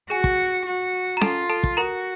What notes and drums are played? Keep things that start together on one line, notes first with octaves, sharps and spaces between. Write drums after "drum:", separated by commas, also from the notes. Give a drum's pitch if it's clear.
F#4 G#4 G#5
drum: kick
F#4
A#5
F4 A4 A5, drum: snare C#4
A4 A5
drum: kick
F#4 A#4 A#5